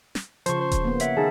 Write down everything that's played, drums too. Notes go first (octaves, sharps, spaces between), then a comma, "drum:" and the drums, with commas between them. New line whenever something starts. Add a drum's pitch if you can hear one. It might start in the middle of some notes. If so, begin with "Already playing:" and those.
drum: snare
C#3 F3 C5 A5 C6 C#6, drum: hi-hat
C5
drum: kick D#1, hi-hat
A#3 B3
C#5 E5 F#5, drum: hi-hat
D#3 A#3 D#4 G#4 A5